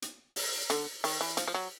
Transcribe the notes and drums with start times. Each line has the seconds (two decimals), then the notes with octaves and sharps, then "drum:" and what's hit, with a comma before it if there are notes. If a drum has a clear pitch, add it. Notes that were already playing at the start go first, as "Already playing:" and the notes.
0.02 drum: hi-hat
0.36 drum: open hi-hat
0.70 D3, drum: hi-hat
1.04 D#3, drum: open hi-hat
1.21 E3
1.37 F3, drum: hi-hat
1.48 F3
1.54 F#3